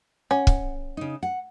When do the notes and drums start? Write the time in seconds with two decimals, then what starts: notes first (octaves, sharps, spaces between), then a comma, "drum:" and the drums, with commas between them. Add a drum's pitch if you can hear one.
0.31 C#4 F#5
0.47 drum: kick
0.97 C#3 D#4
1.23 F#5